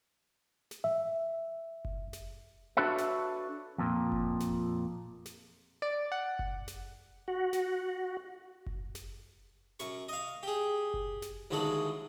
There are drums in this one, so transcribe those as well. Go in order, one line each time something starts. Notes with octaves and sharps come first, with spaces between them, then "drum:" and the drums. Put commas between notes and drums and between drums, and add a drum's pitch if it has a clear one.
drum: snare
E5
drum: kick F#1
drum: snare
D4 F#4 A4 B4 C#5 E5
drum: snare
F2 A#2
drum: kick F#1
drum: snare
drum: snare
D5
F#5
drum: kick F#1
drum: snare
F#4
drum: snare
drum: kick F#1
drum: snare
F#2 C#6, drum: snare
D#5 F5
G4 G#4
drum: kick F#1
drum: snare
A1 D#2 D3 F#3 G#3 A4